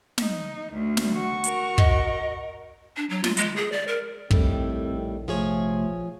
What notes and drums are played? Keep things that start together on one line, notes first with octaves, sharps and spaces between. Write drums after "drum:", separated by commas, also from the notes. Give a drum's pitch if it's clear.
D#4, drum: snare
D2
drum: snare
F#4 C#6
A#4, drum: hi-hat
D#5, drum: kick
D4
F#3
F4, drum: snare
G#3, drum: hi-hat
G#4
D5
A#4
A#1 A2 D#3 G3 C4 A4, drum: kick
C3 F3 A3 G#4 C#5